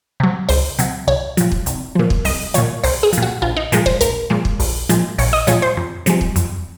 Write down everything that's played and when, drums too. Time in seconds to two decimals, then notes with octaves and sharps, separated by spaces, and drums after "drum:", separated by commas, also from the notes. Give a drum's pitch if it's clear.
0.20 C3 F#3
0.49 C#2 C5, drum: open hi-hat
0.79 C3 F#3, drum: hi-hat
1.07 C2 C#5
1.37 A#2 F3, drum: hi-hat
1.52 drum: kick
1.66 C2, drum: hi-hat
1.95 A#2 F3
2.10 drum: kick
2.25 C2 D#5, drum: open hi-hat
2.54 A#2 F3 C#5, drum: hi-hat
2.84 C2 C5, drum: open hi-hat
3.03 G#4
3.13 A#2 F3, drum: hi-hat
3.23 F#4
3.42 A#1 F4
3.57 D#4
3.72 A#2 F3 G#3, drum: hi-hat
3.86 C5, drum: kick
4.01 A#1 A#4, drum: hi-hat
4.30 A#2 F3 G#3
4.45 drum: kick
4.60 A#1, drum: open hi-hat
4.89 A#2 F3 G#3, drum: hi-hat
5.18 A#1 C#5, drum: open hi-hat
5.33 D#5
5.47 A#2 F3 G#3 C#5, drum: hi-hat
5.62 C5
5.77 F2
6.06 C3 F3 G#3, drum: hi-hat
6.21 drum: kick
6.36 F2, drum: hi-hat